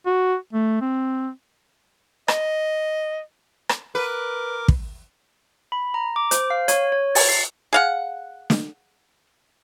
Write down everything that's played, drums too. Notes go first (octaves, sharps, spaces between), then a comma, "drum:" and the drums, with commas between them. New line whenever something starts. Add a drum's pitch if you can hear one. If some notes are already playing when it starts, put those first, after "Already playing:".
F#4
A3
C4
D#5, drum: rim click
drum: rim click
A#4 B4 D6
drum: kick
B5
A#5
D6
C5, drum: hi-hat
F5
C#5, drum: hi-hat
C#5
A6, drum: open hi-hat
C7
G#4 F5 F#5
drum: snare